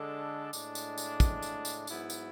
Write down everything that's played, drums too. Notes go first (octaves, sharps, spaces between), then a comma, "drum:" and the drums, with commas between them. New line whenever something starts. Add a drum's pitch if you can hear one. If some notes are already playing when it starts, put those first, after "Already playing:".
Already playing: D3 G#3 D4 A4
A2 G#3 D4, drum: tambourine
drum: tambourine
drum: tambourine
drum: kick, tambourine
drum: tambourine
drum: tambourine
G#2 F#3 B3 E4, drum: tambourine
drum: tambourine